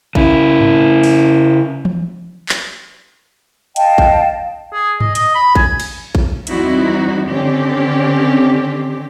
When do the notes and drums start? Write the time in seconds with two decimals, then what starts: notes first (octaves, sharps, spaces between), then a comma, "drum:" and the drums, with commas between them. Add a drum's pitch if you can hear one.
0.15 C#3 E4, drum: kick A1
0.61 drum: tom G2
1.03 drum: open hi-hat
1.85 drum: tom E3
2.49 drum: clap
3.76 D#5 F5 G5 A5, drum: hi-hat
3.98 drum: kick A1
4.72 G#4
5.00 D#5, drum: tom G2
5.15 D#5, drum: hi-hat
5.35 B5
5.55 G#5, drum: kick A1
5.80 drum: cymbal
6.15 drum: kick A1
6.47 E2 G3 C4 D#4 E4 F#4, drum: hi-hat
7.28 D3 D#3 C4 C#4 G4